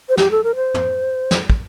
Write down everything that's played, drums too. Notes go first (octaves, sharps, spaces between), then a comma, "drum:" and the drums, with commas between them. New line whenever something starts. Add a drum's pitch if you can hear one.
C5
G4, drum: snare
A4
A#4
C5
drum: tom
drum: snare
drum: kick